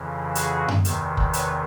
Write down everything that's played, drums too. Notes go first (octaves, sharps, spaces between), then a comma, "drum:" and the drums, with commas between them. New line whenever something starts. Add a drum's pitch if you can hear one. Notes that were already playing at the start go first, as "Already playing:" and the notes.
Already playing: F2 C#3 E3
F#4 G#4, drum: hi-hat
drum: tom F#2
E2 C3 D#3, drum: hi-hat
drum: kick
B4 C#5, drum: hi-hat